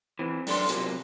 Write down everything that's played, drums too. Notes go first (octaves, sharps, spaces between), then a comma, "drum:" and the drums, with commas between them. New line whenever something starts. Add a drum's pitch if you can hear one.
E3 C4
F#2 D4 A4 C6, drum: open hi-hat
B1 C3 F3 F#3 A#3, drum: hi-hat